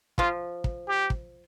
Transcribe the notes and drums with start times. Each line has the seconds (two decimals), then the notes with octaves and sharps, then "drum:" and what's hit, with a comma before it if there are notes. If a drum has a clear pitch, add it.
0.18 F3 F4, drum: kick
0.64 drum: kick
0.88 G4
1.10 drum: kick